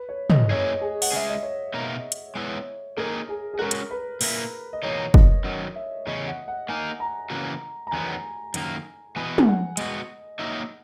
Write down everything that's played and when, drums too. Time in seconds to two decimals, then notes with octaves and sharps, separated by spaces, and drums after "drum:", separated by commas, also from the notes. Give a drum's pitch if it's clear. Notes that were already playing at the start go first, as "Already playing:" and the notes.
Already playing: B4
0.09 C#5
0.30 D#5, drum: tom
0.50 F#2 E3 A#3 E4 G#4 C#5
0.81 G#4
1.02 F#5, drum: open hi-hat
1.12 G#3 C#4 G#4 E5
1.29 D#5
1.43 C#5
1.74 B2 A#3 D#4 A#4
2.12 drum: hi-hat
2.35 G#3 B3 E4
2.97 A#3 D#4 G#4 A#4
3.29 G#4
3.54 G#4
3.59 G#3 C#4 F#4 A#4
3.71 drum: hi-hat
3.91 B4
4.21 A#2 A#3 E4 A#4 E5, drum: open hi-hat
4.73 D#5
4.83 E2 B2 A#3 D#4 C#5
5.14 D#5, drum: kick
5.44 F#2 D#3 F#3 D#5
5.75 E5
6.07 E2 C#3 C#4 D#5
6.28 F#5
6.48 F#5
6.69 A#3 D#4 A#4 G#5
7.00 A#5
7.30 C#3 E3 A#3 C#4 F#4
7.87 A#5
7.92 E2 D#3 F#3 B3 G#5
8.54 F#2 D#3 A#3, drum: hi-hat
9.16 E3 B3 F#4 B4 D#5 G#5
9.38 G#5, drum: tom
9.47 F#5
9.77 G#3 B3 F#4 D#5, drum: hi-hat
10.39 F#3 A#3 D#4 A#4 E5